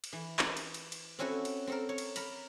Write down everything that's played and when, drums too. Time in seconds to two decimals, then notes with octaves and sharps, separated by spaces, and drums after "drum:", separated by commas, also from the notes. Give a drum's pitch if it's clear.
0.04 drum: cymbal
0.13 E3
0.39 drum: clap
0.57 drum: cymbal
0.74 drum: cymbal
0.92 drum: cymbal
1.19 C4 C#4 E4 F#4 A4
1.45 drum: cymbal
1.67 C4 A4 A#4
1.89 C#5
1.98 drum: cymbal
2.16 A#4 A#5 B5, drum: cymbal